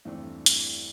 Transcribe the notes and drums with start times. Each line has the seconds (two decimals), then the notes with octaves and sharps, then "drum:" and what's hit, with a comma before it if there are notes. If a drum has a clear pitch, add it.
0.05 E2 G2 E3 A3 C4 D4
0.46 drum: hi-hat